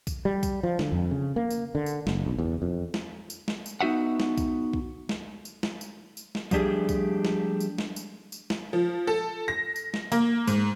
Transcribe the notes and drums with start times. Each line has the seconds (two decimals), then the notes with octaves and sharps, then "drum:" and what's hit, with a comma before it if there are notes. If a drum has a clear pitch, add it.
0.07 drum: kick B1, tambourine
0.25 G3
0.43 drum: kick B1, tambourine
0.63 F3
0.79 D3, drum: snare
0.92 F2
1.11 C#3
1.36 A#3
1.50 drum: tambourine
1.75 D3
1.86 drum: tambourine
2.07 F#1, drum: snare
2.26 B1
2.38 E2
2.62 F2
2.94 drum: snare
3.30 drum: tambourine
3.48 drum: snare
3.66 drum: tambourine
3.81 B3 D#4 F#4 E5 F#5
4.20 drum: snare
4.38 drum: kick B1, tambourine
4.73 drum: kick B1
5.09 drum: snare
5.45 drum: tambourine
5.63 drum: snare
5.81 drum: tambourine
6.17 drum: tambourine
6.35 drum: snare
6.51 F3 G3 A3 D4 G4 G#4, drum: kick B1, tambourine
6.89 drum: kick B1, tambourine
7.25 drum: snare
7.60 drum: tambourine
7.78 drum: snare
7.96 drum: tambourine
8.32 drum: tambourine
8.50 drum: snare
8.73 F3
9.07 A4
9.48 A#6
9.76 drum: tambourine
9.94 drum: snare
10.12 A#3, drum: tambourine
10.47 G#2, drum: tambourine